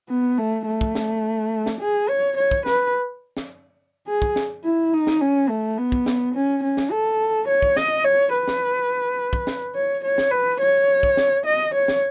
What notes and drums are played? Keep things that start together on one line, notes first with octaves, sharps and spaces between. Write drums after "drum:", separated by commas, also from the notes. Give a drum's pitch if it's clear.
B3
A3
A3
drum: kick
drum: snare
drum: snare
G#4
C#5
C#5
drum: kick
B4, drum: snare
drum: snare
G#4
drum: kick
drum: snare
E4
D#4
drum: snare
C#4
A3
B3
drum: kick
drum: snare
C#4
C#4
drum: snare
A4
C#5
drum: kick
D#5, drum: snare
C#5
B4
drum: snare
drum: kick
drum: snare
C#5
C#5
drum: snare
B4
C#5
drum: kick
drum: snare
D#5
C#5
drum: snare